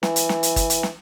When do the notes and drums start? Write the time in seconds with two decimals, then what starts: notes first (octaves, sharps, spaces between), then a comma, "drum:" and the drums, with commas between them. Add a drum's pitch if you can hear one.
0.03 E3, drum: snare
0.16 drum: hi-hat
0.29 drum: snare
0.43 drum: hi-hat
0.56 drum: kick G1, hi-hat
0.70 drum: hi-hat
0.83 drum: snare